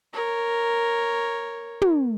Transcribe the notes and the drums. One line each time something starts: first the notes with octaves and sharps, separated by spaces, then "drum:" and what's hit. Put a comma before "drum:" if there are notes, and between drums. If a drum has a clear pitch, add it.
A#4 C#5
drum: tom